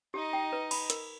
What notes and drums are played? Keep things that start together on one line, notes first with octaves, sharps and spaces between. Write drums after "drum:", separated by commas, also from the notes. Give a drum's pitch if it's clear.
D#4 G4 D#5
G5
B4
B5, drum: cymbal
A#4, drum: hi-hat